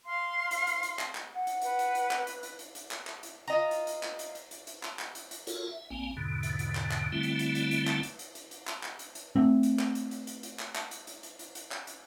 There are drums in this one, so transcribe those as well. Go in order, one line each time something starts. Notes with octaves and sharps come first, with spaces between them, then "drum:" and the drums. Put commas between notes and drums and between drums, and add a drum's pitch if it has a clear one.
F5 C6
drum: hi-hat
drum: hi-hat
drum: hi-hat
drum: clap
drum: clap
F#5
drum: hi-hat
B4, drum: hi-hat
drum: hi-hat
drum: hi-hat
drum: clap
drum: hi-hat
drum: hi-hat
drum: hi-hat
drum: hi-hat
drum: clap
drum: clap
drum: hi-hat
F4 D#5 A#5
drum: hi-hat
drum: hi-hat
drum: clap
drum: hi-hat
drum: hi-hat
drum: hi-hat
drum: hi-hat
drum: clap
drum: clap
drum: hi-hat
drum: hi-hat
F4 F#4 A4 A#4 C#5, drum: hi-hat
E5
A#1 A#3 C4 G#5
E2 G#2 B2 D3
drum: hi-hat
drum: hi-hat
drum: clap
drum: clap
D3 G3 A3 C4 E4
drum: hi-hat
drum: hi-hat
drum: hi-hat
drum: hi-hat
drum: clap
drum: hi-hat
drum: hi-hat
drum: hi-hat
drum: hi-hat
drum: clap
drum: clap
drum: hi-hat
drum: hi-hat
A3 C4
drum: hi-hat
drum: clap
drum: hi-hat
drum: hi-hat
drum: hi-hat
drum: hi-hat
drum: clap
drum: clap
drum: hi-hat
drum: hi-hat
drum: hi-hat
drum: hi-hat
drum: hi-hat
drum: clap
drum: hi-hat